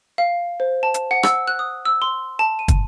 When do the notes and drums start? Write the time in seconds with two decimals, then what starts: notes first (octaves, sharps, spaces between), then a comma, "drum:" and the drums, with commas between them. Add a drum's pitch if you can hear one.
0.18 F5
0.60 C5
0.83 A5
0.94 drum: hi-hat
1.11 F#5
1.23 E6, drum: rim click
1.48 F#6
1.59 D#6
1.85 E6
2.02 C6
2.39 A5
2.59 D#7
2.68 drum: kick, hi-hat